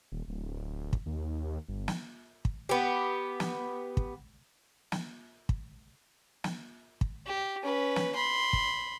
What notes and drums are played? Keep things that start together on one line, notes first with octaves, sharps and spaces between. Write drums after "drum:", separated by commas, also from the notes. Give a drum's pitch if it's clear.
D#1
D1
drum: kick
D#2
G1
drum: snare
drum: kick
B3 G4
drum: snare
drum: kick
drum: snare
drum: kick
drum: snare
drum: kick
G4
C#4 B4
drum: snare
B5 C6
drum: kick